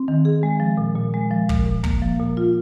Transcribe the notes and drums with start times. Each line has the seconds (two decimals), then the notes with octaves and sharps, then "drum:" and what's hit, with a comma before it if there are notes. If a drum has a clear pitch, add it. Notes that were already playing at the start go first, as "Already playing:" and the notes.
Already playing: C4
0.08 D#3
0.25 G#4
0.43 G#3
0.60 F3
0.78 A#2
0.96 A#2
1.14 G#3
1.31 F3
1.49 A#2, drum: kick
1.66 A#2
1.84 A#3, drum: kick
2.02 F3
2.19 A#2
2.37 F4